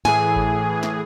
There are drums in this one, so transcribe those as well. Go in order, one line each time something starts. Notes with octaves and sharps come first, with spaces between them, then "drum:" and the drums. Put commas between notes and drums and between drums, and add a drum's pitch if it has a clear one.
A2 E3 G#4 G#5, drum: snare
drum: kick G#1
drum: snare